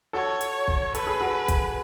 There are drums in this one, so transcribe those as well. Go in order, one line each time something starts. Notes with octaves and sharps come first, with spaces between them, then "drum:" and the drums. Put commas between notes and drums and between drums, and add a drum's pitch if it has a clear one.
F#4 A4 C#5
drum: hi-hat
drum: kick
A4 B4, drum: hi-hat
G#4
F#4 A4
drum: kick, hi-hat